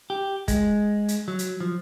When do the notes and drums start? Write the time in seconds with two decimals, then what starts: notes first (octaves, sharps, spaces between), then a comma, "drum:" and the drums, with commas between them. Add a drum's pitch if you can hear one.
0.10 G4
0.48 G#3, drum: kick, hi-hat
1.08 drum: hi-hat
1.28 F#3
1.39 drum: hi-hat
1.61 F3